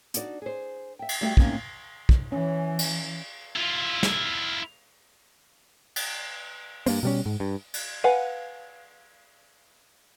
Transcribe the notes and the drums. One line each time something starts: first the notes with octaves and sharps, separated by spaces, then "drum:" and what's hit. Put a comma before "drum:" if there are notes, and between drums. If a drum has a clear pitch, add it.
D4 D#4 F#4 C#5 D5, drum: hi-hat
G#4 C5
E5 G5
drum: cymbal
G3 A3 E4 F#4 E5 G5
A2 C3 D#3 A#3 C#4 D#4, drum: kick
drum: kick
E3 C#4
drum: cymbal
E4 F4
drum: snare
drum: cymbal
G2 A#3 C4, drum: open hi-hat
B2 G3 C#4
G#2
G2
drum: cymbal
B4 F5 F#5 G#5